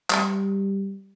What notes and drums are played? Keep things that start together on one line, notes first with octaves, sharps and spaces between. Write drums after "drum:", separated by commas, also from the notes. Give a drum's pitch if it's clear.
G3, drum: clap